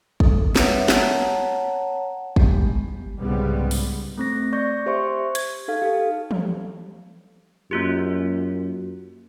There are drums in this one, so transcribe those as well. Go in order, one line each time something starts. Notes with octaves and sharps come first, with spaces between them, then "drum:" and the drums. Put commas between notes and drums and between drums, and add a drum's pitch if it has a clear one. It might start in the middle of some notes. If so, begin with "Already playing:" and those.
A4 D#6, drum: kick
G3 B4 C#5 E5 F#5, drum: snare
C#5 F#5 A5 A#5, drum: snare
G3 G#3 B3 G4, drum: kick
C2 G#2 C#3 G3 G#3 B3
drum: open hi-hat
A3 C4 A#6
D5 C#6 G6 A#6
G4 C5 E5 C6 C#6
G#6, drum: hi-hat
D#4 A4 F5
G4 A4
drum: tom E3
F#2 A#3 F4 G4